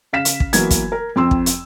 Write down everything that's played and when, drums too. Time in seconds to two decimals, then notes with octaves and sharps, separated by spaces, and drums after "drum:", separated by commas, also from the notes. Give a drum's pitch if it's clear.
0.13 C#3 F5 B6 E7
0.25 drum: hi-hat
0.40 drum: kick
0.53 E3 F#3 A#3 B3 G#6, drum: hi-hat
0.70 drum: kick, hi-hat
0.92 A#4
1.16 F2 C4 C6 E6
1.31 drum: kick
1.46 drum: hi-hat